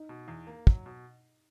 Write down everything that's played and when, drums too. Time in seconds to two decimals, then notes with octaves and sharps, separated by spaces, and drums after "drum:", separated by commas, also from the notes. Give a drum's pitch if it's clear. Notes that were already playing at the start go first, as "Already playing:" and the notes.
Already playing: D#4
0.09 B2
0.28 E2
0.47 A#3
0.67 F#3, drum: kick
0.86 B2